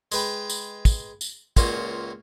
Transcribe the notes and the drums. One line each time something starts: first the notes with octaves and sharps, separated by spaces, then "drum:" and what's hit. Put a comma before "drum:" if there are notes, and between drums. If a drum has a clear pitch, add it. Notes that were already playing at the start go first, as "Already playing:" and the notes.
G#3 B4 G5, drum: tambourine
drum: tambourine
drum: kick, tambourine
drum: tambourine
C#2 A#2 C#4 F4 F#4, drum: kick, tambourine